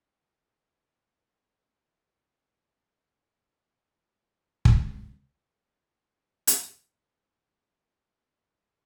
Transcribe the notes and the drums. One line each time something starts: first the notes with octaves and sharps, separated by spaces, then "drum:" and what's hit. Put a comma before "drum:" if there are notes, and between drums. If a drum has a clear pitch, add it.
D#4 C#5 D#5 C#7
G1
D2
B4
A4 F#5
drum: kick
drum: hi-hat
C3 G4 A#4
A#2 A#5